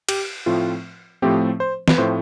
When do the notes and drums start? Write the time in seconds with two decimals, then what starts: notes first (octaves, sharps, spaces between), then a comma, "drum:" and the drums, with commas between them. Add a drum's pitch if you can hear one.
0.09 G4, drum: cymbal
0.46 A2 F3 A3 C4 F4
1.22 A2 F3 A3 C4 G4
1.60 C5
1.88 B4, drum: snare
1.98 A2 F3 A3 C4 C5